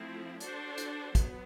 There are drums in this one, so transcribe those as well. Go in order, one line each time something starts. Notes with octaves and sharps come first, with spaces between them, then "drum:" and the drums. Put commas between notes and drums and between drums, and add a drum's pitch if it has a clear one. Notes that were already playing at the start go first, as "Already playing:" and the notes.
Already playing: F3 A3 C4 E4
D4 F#4 A4 C5, drum: hi-hat
drum: hi-hat
F#3 B3, drum: kick, hi-hat